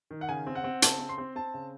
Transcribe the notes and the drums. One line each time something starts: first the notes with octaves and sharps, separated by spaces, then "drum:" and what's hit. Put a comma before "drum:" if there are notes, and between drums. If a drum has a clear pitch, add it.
D#3
F#5
C#3 G#5
C4
F#5
C4
C#3 A5, drum: hi-hat
C4
C6
C4
C4 A5
C#3